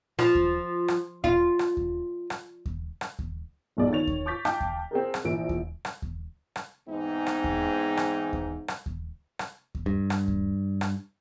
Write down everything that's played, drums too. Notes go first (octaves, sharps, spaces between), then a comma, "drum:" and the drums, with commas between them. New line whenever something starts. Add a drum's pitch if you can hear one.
F3, drum: rim click
drum: kick D#2
drum: rim click
F4, drum: kick D#2
drum: rim click
drum: kick D#2
drum: rim click
drum: kick D#2
drum: rim click
drum: kick D#2
F1 B1 G#3 D5 D#5
D#3 C#5 A6 F7
drum: kick D#2
C#6 D6 G6 A6 B6
D#5 F5 G5 A5 D6 G6, drum: rim click
drum: kick D#2
C4 G#4 A#4
drum: rim click
A#1 E3 E6 D7
drum: kick D#2
drum: rim click
drum: kick D#2
drum: rim click
E2 G#2 E3 G#3 C4 D#4
drum: rim click
drum: kick D#2
drum: rim click
drum: kick D#2
drum: rim click
drum: kick D#2
drum: rim click
drum: kick D#2
G2
drum: rim click
drum: kick D#2
drum: rim click